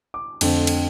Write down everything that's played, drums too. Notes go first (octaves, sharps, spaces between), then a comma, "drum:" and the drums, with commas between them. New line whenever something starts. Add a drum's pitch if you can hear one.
D6
F2 D3 A3 C4, drum: cymbal
drum: cymbal